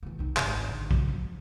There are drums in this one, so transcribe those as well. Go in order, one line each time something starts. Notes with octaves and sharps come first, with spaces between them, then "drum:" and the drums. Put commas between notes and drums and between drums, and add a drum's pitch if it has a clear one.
D#3 E3
C2 D#4
G#1 B2, drum: clap
D3
C#3 F#3, drum: kick
F3